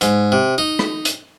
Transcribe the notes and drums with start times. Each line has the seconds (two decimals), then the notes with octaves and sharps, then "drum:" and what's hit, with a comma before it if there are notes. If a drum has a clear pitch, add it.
0.01 G#2, drum: hi-hat
0.32 C3
0.58 D#4
0.79 drum: rim click
1.05 drum: hi-hat